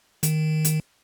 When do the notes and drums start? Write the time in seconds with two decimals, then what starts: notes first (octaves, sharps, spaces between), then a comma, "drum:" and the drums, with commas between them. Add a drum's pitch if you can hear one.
0.23 D#3, drum: hi-hat
0.65 drum: hi-hat